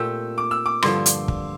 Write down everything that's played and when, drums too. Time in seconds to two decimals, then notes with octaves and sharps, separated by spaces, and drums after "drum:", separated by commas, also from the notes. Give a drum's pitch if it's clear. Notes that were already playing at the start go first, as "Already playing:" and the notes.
Already playing: A#2 A3 C4 G4 E6
0.38 D6
0.51 E6
0.66 D6
0.82 G2 D3 F3 C6, drum: rim click
1.06 drum: hi-hat
1.28 drum: kick